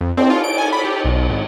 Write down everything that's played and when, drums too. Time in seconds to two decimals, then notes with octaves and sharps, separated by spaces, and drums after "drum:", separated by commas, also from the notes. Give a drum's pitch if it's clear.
0.01 F2
0.17 C4, drum: cymbal
0.30 F4
0.44 D7
0.58 G#5
0.73 B5
0.85 G4
1.05 B1
1.29 G#1